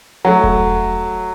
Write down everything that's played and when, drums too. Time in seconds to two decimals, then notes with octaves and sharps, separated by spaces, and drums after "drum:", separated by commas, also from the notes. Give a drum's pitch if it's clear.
0.25 F#3 A3
0.44 drum: kick E1